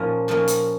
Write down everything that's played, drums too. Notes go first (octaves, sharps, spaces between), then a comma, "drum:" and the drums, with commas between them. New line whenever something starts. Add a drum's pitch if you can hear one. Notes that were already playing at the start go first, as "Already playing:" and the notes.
Already playing: A#2 F3 A#3 C#4
A#2 F3 A#3 C#4
drum: hi-hat